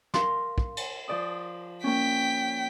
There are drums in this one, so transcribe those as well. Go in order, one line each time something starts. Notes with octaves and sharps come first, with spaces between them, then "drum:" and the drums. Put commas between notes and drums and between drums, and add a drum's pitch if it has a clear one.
A#4 F5 C6, drum: snare
drum: kick
drum: cymbal
F3 D5 D#6
A#3 C#4 G5 B6